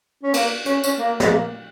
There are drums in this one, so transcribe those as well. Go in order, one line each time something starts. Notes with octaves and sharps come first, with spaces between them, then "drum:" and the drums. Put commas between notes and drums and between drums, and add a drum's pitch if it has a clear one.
C#4
A#3, drum: cymbal
C#4, drum: hi-hat
C#4, drum: tambourine
A#3
G#3, drum: snare
A#3